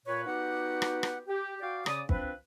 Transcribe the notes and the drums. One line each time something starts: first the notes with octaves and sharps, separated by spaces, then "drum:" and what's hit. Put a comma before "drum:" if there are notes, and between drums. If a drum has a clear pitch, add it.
A#2 B4 C#5
B3 D#4 F#4 G4 D5 F#5
drum: rim click
drum: rim click
G4
F#4 D5 F5 G5
C#3 D5 D#6, drum: rim click
F3 C4 D4 B4, drum: kick